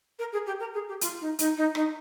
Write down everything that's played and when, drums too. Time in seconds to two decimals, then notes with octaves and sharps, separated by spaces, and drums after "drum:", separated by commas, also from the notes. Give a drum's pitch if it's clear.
0.19 A#4
0.32 G#4
0.46 G4
0.60 A#4
0.74 G#4
0.88 G4
1.01 F4, drum: hi-hat
1.20 D#4
1.39 D#4, drum: hi-hat
1.57 D#4
1.75 D#4, drum: rim click